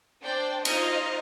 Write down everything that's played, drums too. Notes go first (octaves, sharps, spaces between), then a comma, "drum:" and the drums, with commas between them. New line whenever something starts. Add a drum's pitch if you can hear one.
D4 C5 D5 G5
D#4 F4 C5 D#5, drum: cymbal